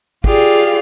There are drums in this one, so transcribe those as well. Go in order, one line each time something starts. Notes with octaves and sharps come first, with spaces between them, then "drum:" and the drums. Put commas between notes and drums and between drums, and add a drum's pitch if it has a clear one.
F4 G4 G#4 D5 F5, drum: kick